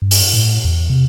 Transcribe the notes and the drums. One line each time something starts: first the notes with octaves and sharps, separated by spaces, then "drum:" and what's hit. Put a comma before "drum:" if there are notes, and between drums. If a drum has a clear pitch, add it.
G2
drum: open hi-hat
A2
E2
C3